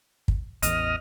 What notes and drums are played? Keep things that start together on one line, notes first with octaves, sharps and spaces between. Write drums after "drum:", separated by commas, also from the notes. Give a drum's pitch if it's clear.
drum: kick
A1 E2 D#5 F6, drum: hi-hat